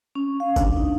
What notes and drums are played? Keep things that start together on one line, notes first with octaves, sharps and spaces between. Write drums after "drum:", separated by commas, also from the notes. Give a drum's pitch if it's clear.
C#4
F5
D4, drum: kick, tambourine
D#4